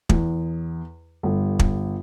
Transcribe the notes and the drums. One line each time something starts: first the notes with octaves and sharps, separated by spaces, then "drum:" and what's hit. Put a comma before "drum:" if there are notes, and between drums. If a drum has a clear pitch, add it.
E2, drum: kick
G1
drum: kick